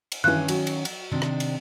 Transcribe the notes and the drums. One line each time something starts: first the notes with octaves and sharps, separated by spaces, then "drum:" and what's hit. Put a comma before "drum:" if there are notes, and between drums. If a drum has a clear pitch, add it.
drum: cymbal
G2 D#3 E3 C#4 F#6
F#3, drum: cymbal
drum: cymbal
drum: cymbal
C3 D#3 D4
drum: rim click
drum: cymbal